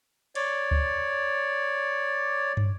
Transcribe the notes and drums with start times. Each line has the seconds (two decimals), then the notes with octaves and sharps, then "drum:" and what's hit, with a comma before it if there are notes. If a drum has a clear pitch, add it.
0.35 C#5 D5, drum: cymbal
0.71 drum: kick C#2
2.57 drum: tom